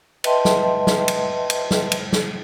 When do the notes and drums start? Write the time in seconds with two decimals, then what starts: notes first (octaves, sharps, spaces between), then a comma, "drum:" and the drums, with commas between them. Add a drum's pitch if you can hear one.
0.24 B4 D#5 E5 G5 A5 C6, drum: cymbal
0.45 drum: snare
0.87 drum: snare
1.08 drum: cymbal
1.50 drum: cymbal
1.71 drum: snare
1.92 drum: cymbal
2.13 drum: snare